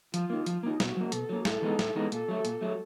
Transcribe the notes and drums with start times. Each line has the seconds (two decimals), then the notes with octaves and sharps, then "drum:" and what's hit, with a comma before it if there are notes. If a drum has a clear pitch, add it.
0.14 F3 F4, drum: hi-hat
0.30 A#3 D#4
0.46 F3, drum: hi-hat
0.63 A#3 D#4
0.80 B2 F#4, drum: snare
0.97 F#3 A#3
1.12 B2 A4, drum: hi-hat
1.29 F#3 A#3
1.45 A2 A4, drum: snare
1.62 E3 G#3 B3 D#4
1.79 A2, drum: snare
1.95 E3 G#3 B3 D#4
2.12 A#2 A4, drum: hi-hat
2.29 F#3 A3
2.45 A#2, drum: hi-hat
2.61 F#3 A3